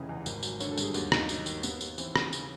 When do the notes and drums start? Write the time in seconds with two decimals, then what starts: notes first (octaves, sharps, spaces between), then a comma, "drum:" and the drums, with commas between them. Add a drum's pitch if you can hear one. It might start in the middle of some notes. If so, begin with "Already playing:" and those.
Already playing: F1 C#3 E3 D#5
0.09 E2
0.26 G#1, drum: tambourine
0.43 F#3, drum: tambourine
0.60 D3 C#5, drum: tambourine
0.71 A4
0.77 G2, drum: tambourine
0.83 G#4
0.94 D#2 F#4, drum: tambourine
1.12 D#2 D#4, drum: rim click
1.29 F#3 D#4, drum: tambourine
1.46 D#3, drum: tambourine
1.63 D#2 B3, drum: tambourine
1.81 D#2, drum: tambourine
1.98 E3 C4, drum: tambourine
2.16 C#3, drum: rim click
2.33 drum: tambourine